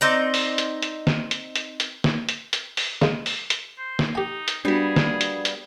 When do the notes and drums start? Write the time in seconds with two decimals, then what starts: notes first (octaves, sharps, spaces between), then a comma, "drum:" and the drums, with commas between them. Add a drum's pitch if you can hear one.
0.01 C4 D#4 D5
0.34 drum: open hi-hat
0.58 drum: hi-hat
0.82 drum: hi-hat
1.07 drum: snare
1.31 drum: hi-hat
1.56 drum: hi-hat
1.80 drum: hi-hat
2.04 drum: snare
2.29 drum: hi-hat
2.53 drum: hi-hat
2.77 drum: open hi-hat
3.02 C#3 G#3, drum: snare
3.26 drum: open hi-hat
3.50 drum: hi-hat
3.78 C5
3.99 drum: snare
4.15 D#4 G4 G#5
4.48 drum: hi-hat
4.65 G3 A#3 B3 D4 F#4 G#4
4.96 drum: snare
5.21 drum: hi-hat
5.45 drum: hi-hat